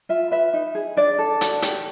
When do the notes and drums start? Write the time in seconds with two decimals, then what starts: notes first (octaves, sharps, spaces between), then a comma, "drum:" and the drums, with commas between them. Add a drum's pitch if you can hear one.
0.09 F4 E5
0.31 B4 E5
0.53 D#4
0.75 G#4
0.97 D4 D5
1.19 A4
1.41 F#4, drum: hi-hat
1.62 G4, drum: hi-hat